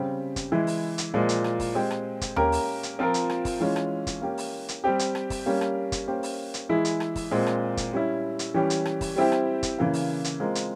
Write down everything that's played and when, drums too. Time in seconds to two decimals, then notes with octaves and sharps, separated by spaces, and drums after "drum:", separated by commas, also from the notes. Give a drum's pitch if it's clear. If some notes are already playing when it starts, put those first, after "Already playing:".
Already playing: C#3 G3 C4 G4
0.36 drum: kick G1, hi-hat
0.52 E3 G#3 E4
0.67 drum: open hi-hat
0.98 drum: hi-hat
1.14 A#2 F3 G#3
1.29 drum: hi-hat
1.44 drum: rim click
1.60 drum: kick G1, open hi-hat
1.75 G#3 C4 G4 C5
1.91 drum: rim click
2.21 drum: kick G1, hi-hat
2.36 A#3 C#4 G4 A#4, drum: tom D#2
2.52 drum: open hi-hat
2.83 drum: hi-hat
2.99 F3 C4 F4 A#4
3.14 drum: hi-hat
3.30 drum: rim click
3.45 drum: kick G1, open hi-hat
3.60 E3 G#3 C#4 F4
3.76 drum: rim click
4.07 drum: kick G1, hi-hat
4.22 A#3 C#4 G4
4.38 drum: open hi-hat
4.69 drum: hi-hat
4.84 G3 C4 G4
4.99 drum: hi-hat
5.15 drum: rim click
5.30 drum: kick G1, open hi-hat
5.46 G3 A#3 C#4
5.61 drum: rim click
5.92 drum: kick G1, hi-hat
6.07 A#3 C#4 G4 C5
6.23 drum: open hi-hat
6.54 drum: hi-hat
6.69 E3 G#3 E4 G#4
6.85 drum: hi-hat
7.00 drum: rim click
7.16 drum: kick G1, open hi-hat
7.31 A#2 G#3 C4
7.46 drum: rim click
7.77 drum: kick G1, hi-hat
7.93 G3 C#4 E4
8.39 drum: hi-hat
8.54 E3 G3 C#4 G4
8.70 drum: hi-hat
8.85 drum: rim click
9.01 drum: kick G1, open hi-hat
9.16 G3 C4 E4 G4
9.32 drum: rim click
9.63 drum: kick G1, hi-hat
9.78 C#3 E3 A#3
9.94 drum: open hi-hat
10.24 drum: hi-hat
10.40 G#3 C4 F4 A#4
10.55 drum: hi-hat